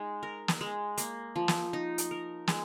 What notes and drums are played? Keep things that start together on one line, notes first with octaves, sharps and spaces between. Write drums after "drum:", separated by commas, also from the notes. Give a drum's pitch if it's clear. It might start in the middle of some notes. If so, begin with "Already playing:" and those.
Already playing: G#3 D#4
A#4
drum: snare
G#3
A#3, drum: hi-hat
F3
drum: snare
D#4
drum: hi-hat
A#4
G#3, drum: snare